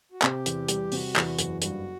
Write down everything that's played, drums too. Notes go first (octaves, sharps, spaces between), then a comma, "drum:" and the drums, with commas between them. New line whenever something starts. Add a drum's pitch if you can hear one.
F#4
C3 G4, drum: clap
E2, drum: hi-hat
G3, drum: hi-hat
C3 F#4, drum: open hi-hat
E2, drum: clap
F#1, drum: hi-hat
G2 F#4, drum: hi-hat